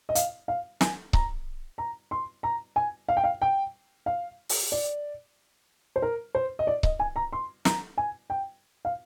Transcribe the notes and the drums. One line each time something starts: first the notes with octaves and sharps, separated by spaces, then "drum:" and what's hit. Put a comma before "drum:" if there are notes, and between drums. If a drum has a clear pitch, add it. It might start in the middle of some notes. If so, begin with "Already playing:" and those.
D#5
F5, drum: hi-hat
F5
G#5, drum: snare
A#5, drum: kick C#1
A#5
C6
A#5
G#5
F5
G5
F5
G5
F5
drum: open hi-hat
D5
C5
A#4
C5
D#5
D5
D#5, drum: kick C#1
G#5
A#5
C6
A#5, drum: snare
G#5
G5
F5